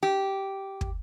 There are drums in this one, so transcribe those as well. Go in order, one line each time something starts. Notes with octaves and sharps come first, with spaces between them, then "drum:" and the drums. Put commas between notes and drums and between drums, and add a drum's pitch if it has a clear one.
G4
drum: kick